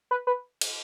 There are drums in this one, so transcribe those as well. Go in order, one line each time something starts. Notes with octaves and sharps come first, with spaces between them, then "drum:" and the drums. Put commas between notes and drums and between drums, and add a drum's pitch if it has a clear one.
B4
B4
drum: cymbal